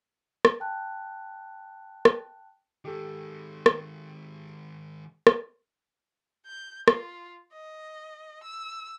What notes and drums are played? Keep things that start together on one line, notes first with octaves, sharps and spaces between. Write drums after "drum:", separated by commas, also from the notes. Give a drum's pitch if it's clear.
drum: rim click
G5 A5 F#6
drum: rim click
D#3 G#3 G4 A4
drum: rim click
drum: rim click
G6
F4, drum: rim click
D#5
E6